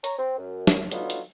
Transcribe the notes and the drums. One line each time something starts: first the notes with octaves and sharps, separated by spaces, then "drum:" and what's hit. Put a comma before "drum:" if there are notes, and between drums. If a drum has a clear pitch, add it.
C#5 A#5, drum: hi-hat
C4
F#2
drum: snare
D3 F#3 B3 D#4 F4, drum: hi-hat
drum: hi-hat